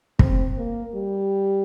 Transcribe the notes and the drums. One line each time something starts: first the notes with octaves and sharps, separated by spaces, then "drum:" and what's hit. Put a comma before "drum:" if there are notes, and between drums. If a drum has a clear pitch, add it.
C4, drum: kick
A#3
G3